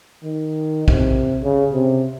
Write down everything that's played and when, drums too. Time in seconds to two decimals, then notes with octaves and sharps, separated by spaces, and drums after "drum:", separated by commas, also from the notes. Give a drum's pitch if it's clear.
0.24 D#3
0.88 C3, drum: kick
1.43 C#3
1.73 C3